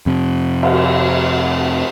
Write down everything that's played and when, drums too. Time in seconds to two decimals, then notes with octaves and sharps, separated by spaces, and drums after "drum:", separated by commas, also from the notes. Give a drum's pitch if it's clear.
0.06 F2 C3
0.63 drum: cymbal